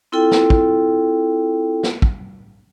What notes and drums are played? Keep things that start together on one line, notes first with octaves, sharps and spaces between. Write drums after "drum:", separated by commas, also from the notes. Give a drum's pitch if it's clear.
C4 E4 F4 A4 G5
drum: snare
drum: kick
drum: snare
drum: kick